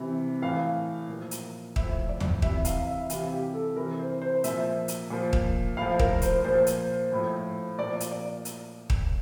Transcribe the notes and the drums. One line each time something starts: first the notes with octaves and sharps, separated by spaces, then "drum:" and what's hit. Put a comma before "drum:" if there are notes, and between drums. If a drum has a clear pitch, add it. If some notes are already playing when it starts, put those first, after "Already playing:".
Already playing: C3 E3
A2 E3 F5
A#2 F3
drum: hi-hat
A2 F3 E5, drum: kick D#1
D5
drum: tom
C3 E3 E5, drum: kick D#1
F5, drum: hi-hat
E5
C3 E3 F5, drum: hi-hat
G4
A4
C3 E3 A#4
C5
C5
A#2 F3 E5, drum: hi-hat
drum: hi-hat
A#2 F3
drum: kick D#1
A2 F3 F5
A#4, drum: kick D#1
C5, drum: hi-hat
A#2 F3 C5
drum: hi-hat
A2 F3
A#2 F3 D5
drum: hi-hat
D5
drum: hi-hat
drum: kick D#1